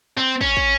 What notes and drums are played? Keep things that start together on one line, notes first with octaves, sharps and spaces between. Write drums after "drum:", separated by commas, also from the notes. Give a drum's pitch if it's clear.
C4
C#4, drum: kick
drum: kick